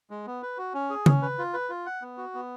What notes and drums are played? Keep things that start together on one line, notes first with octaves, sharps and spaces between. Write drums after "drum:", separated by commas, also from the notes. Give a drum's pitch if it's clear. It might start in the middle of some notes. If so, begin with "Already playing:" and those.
G#3
B3
B4
F#4
C#4
G#4
C#4, drum: tom C#3
B4
F4
B4
F4
F#5
B3
F#4
B3